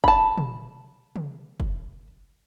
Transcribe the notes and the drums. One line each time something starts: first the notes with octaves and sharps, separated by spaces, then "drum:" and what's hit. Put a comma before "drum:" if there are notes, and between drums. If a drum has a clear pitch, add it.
A5 B5, drum: kick
drum: tom
drum: tom
drum: kick